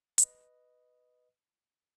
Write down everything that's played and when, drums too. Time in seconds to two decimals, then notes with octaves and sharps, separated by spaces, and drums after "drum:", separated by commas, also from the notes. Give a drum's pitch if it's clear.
0.18 B4 D#5, drum: hi-hat